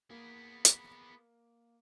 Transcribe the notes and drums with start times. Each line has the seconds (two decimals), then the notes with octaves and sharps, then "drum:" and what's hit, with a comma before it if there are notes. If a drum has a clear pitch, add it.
0.10 A#3 B3 G#4
0.65 drum: hi-hat